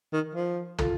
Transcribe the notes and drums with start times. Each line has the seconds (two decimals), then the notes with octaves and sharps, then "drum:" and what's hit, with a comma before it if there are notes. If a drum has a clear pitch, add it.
0.13 D#3
0.35 F3
0.78 F4 A4, drum: tom